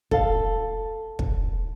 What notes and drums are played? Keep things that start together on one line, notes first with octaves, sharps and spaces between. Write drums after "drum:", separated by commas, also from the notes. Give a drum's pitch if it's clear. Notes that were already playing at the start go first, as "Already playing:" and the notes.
A4 F5, drum: kick
drum: kick